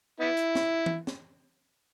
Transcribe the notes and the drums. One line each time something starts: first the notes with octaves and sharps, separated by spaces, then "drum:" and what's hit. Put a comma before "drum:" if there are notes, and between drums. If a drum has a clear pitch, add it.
B3 E4
drum: hi-hat
drum: snare
drum: tom E3
drum: snare